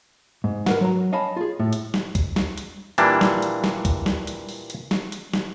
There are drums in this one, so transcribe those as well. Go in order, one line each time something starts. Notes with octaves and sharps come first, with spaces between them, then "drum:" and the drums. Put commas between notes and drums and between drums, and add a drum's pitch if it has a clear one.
G#2
A#4 B4 F#5, drum: snare
F#3 A#5
C#5 D#5 F5 G#5 A5 B5
F4 G#4
A2
drum: hi-hat
drum: snare
drum: kick, hi-hat
drum: snare
drum: hi-hat
A#2 E3 G3 A#3 D4, drum: hi-hat
drum: snare
drum: hi-hat
drum: snare
drum: kick, hi-hat
drum: snare
drum: hi-hat
drum: open hi-hat
drum: hi-hat
drum: snare
drum: hi-hat
drum: snare